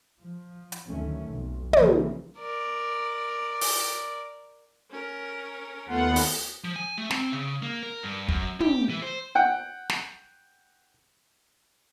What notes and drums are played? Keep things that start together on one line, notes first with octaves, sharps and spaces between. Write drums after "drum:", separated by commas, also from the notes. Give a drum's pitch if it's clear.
F3
drum: hi-hat
D2 G2 D#3 F#3 A3 C#4
B1 F2
C#3 E3 F3 G3 A#3, drum: tom
A#4 D5
drum: open hi-hat
C#4 A#4
D#2 A3 B3 F4 F#5
drum: open hi-hat
F3
G#5
A3
C4, drum: snare
C#3
A#3
A#4
G2
F#2, drum: kick
G4, drum: tom
E3
C5
F#5 G5
drum: snare